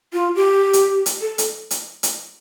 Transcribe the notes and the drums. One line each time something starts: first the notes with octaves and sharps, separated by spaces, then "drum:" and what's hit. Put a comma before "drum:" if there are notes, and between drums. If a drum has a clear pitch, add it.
F4
G4
drum: hi-hat
drum: hi-hat
A4
drum: hi-hat
drum: hi-hat
drum: hi-hat